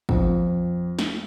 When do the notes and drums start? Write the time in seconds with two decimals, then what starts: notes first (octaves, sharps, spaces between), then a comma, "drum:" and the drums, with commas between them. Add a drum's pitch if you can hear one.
0.09 F2, drum: kick
0.99 drum: snare